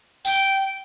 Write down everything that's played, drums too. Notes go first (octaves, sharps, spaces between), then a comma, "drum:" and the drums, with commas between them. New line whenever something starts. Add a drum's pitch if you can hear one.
G5, drum: tambourine